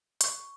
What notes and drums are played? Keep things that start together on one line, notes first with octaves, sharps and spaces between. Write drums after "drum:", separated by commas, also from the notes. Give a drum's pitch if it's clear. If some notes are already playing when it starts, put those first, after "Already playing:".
C#6, drum: hi-hat